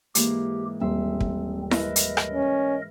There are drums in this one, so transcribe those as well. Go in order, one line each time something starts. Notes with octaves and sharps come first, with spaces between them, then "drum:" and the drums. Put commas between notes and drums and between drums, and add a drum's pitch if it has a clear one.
G#2 E3 A#3 G4, drum: hi-hat
D#1 C4 E5 C6
drum: kick
A#4 B4 D#5 E5, drum: snare E4
drum: hi-hat
drum: rim click
C#4